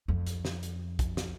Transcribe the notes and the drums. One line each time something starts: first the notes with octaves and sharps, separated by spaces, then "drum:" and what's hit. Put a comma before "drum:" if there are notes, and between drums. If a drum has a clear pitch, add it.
F2
drum: hi-hat
drum: snare
drum: hi-hat
drum: kick, hi-hat
drum: snare